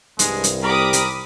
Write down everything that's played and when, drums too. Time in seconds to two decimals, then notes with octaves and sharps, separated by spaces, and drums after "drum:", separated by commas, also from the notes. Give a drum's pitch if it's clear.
0.19 C2 G2 G#3, drum: hi-hat
0.44 drum: hi-hat
0.63 G3 C4 G4 A#4 B5 D6 D#6
0.93 drum: hi-hat